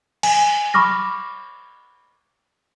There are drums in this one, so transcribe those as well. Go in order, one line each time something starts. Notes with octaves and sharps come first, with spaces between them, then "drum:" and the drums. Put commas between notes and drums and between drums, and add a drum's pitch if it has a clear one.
G#5, drum: cymbal
B5 C#6 D6 F6 A#6